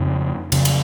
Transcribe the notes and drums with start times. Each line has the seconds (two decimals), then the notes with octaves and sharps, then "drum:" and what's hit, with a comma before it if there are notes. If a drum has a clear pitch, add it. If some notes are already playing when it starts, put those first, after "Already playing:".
Already playing: F2 C#3
0.52 F2 C#3, drum: cymbal
0.65 drum: cymbal